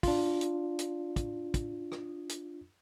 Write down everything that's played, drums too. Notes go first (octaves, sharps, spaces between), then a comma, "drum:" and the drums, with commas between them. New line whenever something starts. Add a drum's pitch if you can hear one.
D4 F4, drum: kick, open hi-hat
drum: hi-hat
drum: hi-hat
drum: kick, hi-hat
drum: kick, hi-hat
drum: rim click
drum: hi-hat